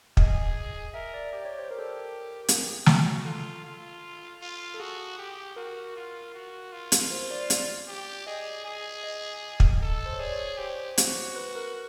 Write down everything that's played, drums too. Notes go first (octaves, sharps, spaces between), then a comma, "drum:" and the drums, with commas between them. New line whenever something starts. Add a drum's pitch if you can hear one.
G#4 D#5, drum: kick
A#4 E5
D5
G4 D5
C#5
C5
G4 A#4
A4
A#4
G#4, drum: hi-hat
F#4, drum: snare
F4 A4
F4
F4
A4
F#4 G#4
G4
F#4 A#4
F4
F#4
F4
drum: hi-hat
C5
D5
D5, drum: hi-hat
G4
G#4 D#5
G#4
D#5
drum: kick
A4
C5
C#5
G#4 D5
C#5
C#5
G4 C5
F#4, drum: hi-hat
B4
A#4